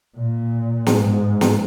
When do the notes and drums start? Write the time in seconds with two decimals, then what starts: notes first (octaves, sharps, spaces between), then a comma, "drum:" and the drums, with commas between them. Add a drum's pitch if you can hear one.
0.17 A#2
0.86 G#2, drum: snare
1.41 drum: snare